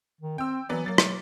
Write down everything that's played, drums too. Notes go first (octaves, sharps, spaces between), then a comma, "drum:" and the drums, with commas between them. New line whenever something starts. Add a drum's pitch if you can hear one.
D#3
C4 G5 E6
E3 F#3 B3 D5
F#3 A#3 A6
drum: rim click